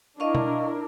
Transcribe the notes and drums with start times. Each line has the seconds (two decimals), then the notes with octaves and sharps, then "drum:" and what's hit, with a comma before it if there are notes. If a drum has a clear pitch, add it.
0.20 D4 E4 A#4 D#5 F5 C#6
0.35 drum: tom B2